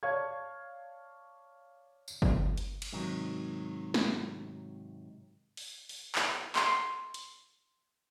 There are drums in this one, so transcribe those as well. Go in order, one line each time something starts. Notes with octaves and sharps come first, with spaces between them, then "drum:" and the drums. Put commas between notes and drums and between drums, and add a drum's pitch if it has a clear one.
C#5 D5 F5 A5 C#6 G#6
drum: tambourine
drum: kick G1
drum: hi-hat
drum: cymbal
G#2 C3 D#3 F#3
drum: snare
drum: open hi-hat
drum: open hi-hat
drum: clap
C6, drum: clap
drum: hi-hat